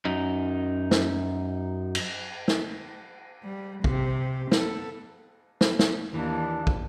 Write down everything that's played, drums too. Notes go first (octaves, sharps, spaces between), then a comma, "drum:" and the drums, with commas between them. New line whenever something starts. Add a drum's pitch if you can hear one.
F#2 D#4
drum: snare
drum: cymbal
drum: snare
G3
C3 G4, drum: kick
B3 A4, drum: snare
drum: snare
drum: snare
D#2 E3 D4
drum: kick